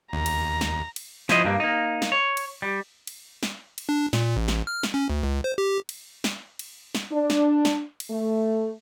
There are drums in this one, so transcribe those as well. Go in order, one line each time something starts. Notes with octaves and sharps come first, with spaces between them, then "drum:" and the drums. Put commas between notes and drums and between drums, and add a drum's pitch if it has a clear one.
D#2 A#5
drum: cymbal
drum: snare
drum: cymbal
F3 E4 C5 D#5, drum: snare
G2 G3 A#3
A#3 D#4
drum: snare
C#5
drum: cymbal
G3
drum: cymbal
drum: snare
drum: cymbal
D4
A#2, drum: snare
A1
drum: snare
F6
drum: snare
C#4
D2
C#2
C5
G4
drum: cymbal
drum: snare
drum: cymbal
drum: snare
D4
drum: snare
drum: snare
drum: cymbal
A3